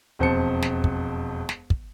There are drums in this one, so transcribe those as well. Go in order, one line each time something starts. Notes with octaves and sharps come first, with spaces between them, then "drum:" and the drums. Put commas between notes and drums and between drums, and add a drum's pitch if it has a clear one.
E1 F2 C5 A5 C#7
drum: snare
drum: kick
drum: snare
drum: kick